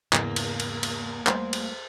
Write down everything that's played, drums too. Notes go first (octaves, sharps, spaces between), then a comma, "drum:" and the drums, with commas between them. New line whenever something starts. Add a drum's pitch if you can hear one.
E2 G#2 C#3 A#3, drum: clap
drum: cymbal
drum: cymbal
drum: cymbal
G3 A3 C5, drum: clap
drum: cymbal